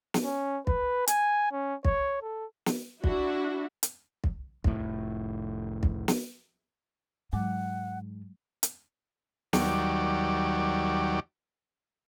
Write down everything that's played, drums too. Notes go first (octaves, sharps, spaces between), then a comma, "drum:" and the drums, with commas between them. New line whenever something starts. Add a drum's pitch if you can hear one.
drum: snare
C#4
B4, drum: kick
G#5, drum: hi-hat
C#4
C#5, drum: kick
A4
drum: snare
D4 E4 F#4, drum: kick
drum: hi-hat
drum: kick
F1 A2, drum: kick
drum: kick
drum: snare
G#2 F#3 G#3 F#5 D6
drum: hi-hat
D#2 F#3 G3 D5, drum: snare